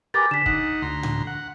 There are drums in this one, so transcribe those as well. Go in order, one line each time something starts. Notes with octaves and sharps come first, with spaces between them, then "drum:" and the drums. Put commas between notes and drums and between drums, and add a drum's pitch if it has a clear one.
G4 A#4 B4 G#5 D6 A6
D3 B6 E7
D#4 F#5, drum: kick
D2 A#5 C6
drum: tom A2
F#5